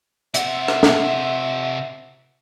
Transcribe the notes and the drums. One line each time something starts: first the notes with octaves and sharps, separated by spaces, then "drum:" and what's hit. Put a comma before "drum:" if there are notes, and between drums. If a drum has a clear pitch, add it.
C3 C5 E5 F#5, drum: hi-hat
drum: rim click
drum: snare